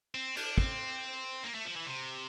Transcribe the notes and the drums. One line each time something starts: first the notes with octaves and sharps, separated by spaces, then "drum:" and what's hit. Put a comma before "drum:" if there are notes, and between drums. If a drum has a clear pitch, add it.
C4
D4, drum: cymbal
C4, drum: kick
A#3
A3
F3
E3
C3